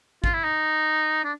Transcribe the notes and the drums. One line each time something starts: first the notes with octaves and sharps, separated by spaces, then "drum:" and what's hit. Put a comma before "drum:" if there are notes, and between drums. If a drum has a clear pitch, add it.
F4, drum: kick G#1
E4
D#4
D4